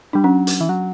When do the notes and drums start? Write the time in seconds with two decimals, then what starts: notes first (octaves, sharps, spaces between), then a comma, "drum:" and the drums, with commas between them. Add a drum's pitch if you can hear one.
0.13 G3 D4
0.24 F#3 C#4
0.47 drum: hi-hat
0.61 E3
0.69 F#3